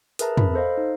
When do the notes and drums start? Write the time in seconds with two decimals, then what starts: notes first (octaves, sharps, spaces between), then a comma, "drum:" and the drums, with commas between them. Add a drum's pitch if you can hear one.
0.19 G#4 A#4 B4 E5 A5 A#5, drum: hi-hat
0.37 B5, drum: tom
0.54 A4 C5 D#5 F5
0.77 D#4